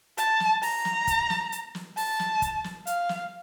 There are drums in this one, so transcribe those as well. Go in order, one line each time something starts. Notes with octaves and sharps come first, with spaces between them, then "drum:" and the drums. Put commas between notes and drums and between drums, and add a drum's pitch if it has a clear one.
A5, drum: hi-hat
drum: snare
A#5, drum: open hi-hat
drum: snare
drum: kick, hi-hat
drum: snare
drum: hi-hat
drum: snare
A5, drum: open hi-hat
drum: snare
drum: kick, hi-hat
drum: snare
F5, drum: hi-hat
drum: snare